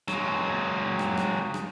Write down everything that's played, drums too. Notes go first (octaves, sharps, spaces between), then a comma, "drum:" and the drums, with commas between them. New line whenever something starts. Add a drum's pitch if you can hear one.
F#3 G#3, drum: rim click
drum: rim click
drum: rim click
drum: rim click